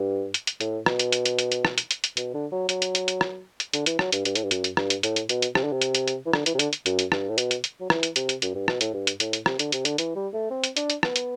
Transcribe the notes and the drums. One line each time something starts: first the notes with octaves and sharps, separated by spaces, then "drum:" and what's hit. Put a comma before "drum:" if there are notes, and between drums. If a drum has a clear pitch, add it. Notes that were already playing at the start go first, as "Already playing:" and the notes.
Already playing: G2
drum: hi-hat
drum: hi-hat
A2, drum: hi-hat
B2, drum: rim click
drum: hi-hat
drum: hi-hat
drum: hi-hat
drum: hi-hat
drum: hi-hat
drum: rim click
drum: hi-hat
drum: hi-hat
drum: hi-hat
B2, drum: hi-hat
D3
F#3
F#3, drum: hi-hat
drum: hi-hat
drum: hi-hat
drum: hi-hat
drum: rim click
drum: hi-hat
D3, drum: hi-hat
E3, drum: hi-hat
F#3, drum: rim click
G2, drum: hi-hat
G2, drum: hi-hat
A2, drum: hi-hat
G2
F#2, drum: hi-hat
drum: hi-hat
G2, drum: rim click
drum: hi-hat
A2, drum: hi-hat
drum: hi-hat
B2, drum: hi-hat
drum: hi-hat
C3, drum: rim click
D3
C3
drum: hi-hat
drum: hi-hat
drum: hi-hat
E3
D3, drum: rim click
E3, drum: hi-hat
C3
D3, drum: hi-hat
drum: hi-hat
F#2, drum: hi-hat
drum: hi-hat
G2, drum: rim click
A2
B2, drum: hi-hat
drum: hi-hat
drum: hi-hat
F#3
E3, drum: rim click
drum: hi-hat
C3, drum: hi-hat
drum: hi-hat
F#2, drum: hi-hat
G2
B2, drum: rim click
A2, drum: hi-hat
G2
drum: hi-hat
A2, drum: hi-hat
drum: hi-hat
C3, drum: rim click
D3, drum: hi-hat
C3, drum: hi-hat
D3, drum: hi-hat
E3, drum: hi-hat
G3
A3
C4
drum: hi-hat
D4, drum: hi-hat
drum: hi-hat
B3, drum: rim click
drum: hi-hat